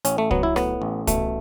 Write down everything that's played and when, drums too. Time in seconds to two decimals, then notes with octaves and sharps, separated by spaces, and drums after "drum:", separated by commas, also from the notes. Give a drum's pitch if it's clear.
0.05 A1 C#4, drum: hi-hat
0.18 A3
0.31 F#3 B3, drum: kick C2
0.43 E4
0.56 A2 B3, drum: rim click
0.82 A1
1.07 B2 A3, drum: kick C2, hi-hat